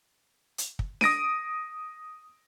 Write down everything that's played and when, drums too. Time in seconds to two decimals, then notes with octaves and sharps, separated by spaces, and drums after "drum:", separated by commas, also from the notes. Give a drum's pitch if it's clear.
0.58 drum: hi-hat
0.79 drum: kick
1.01 D#6 A#6 D7 D#7, drum: snare D4